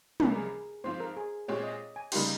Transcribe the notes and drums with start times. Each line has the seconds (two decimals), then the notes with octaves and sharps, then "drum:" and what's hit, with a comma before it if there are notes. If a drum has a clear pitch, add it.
0.20 C#2 C3 G3 A#3 C#4 G4, drum: tom
0.32 A#4
0.36 G#4
0.84 G#2 F3 C4 F4 C5
1.00 A#4
1.17 G#4
1.48 A#2 G#3 C4 G4 C#5
1.64 D#5
1.96 G#5
2.12 C#3 G3 A#3 D#4 G4 C6, drum: cymbal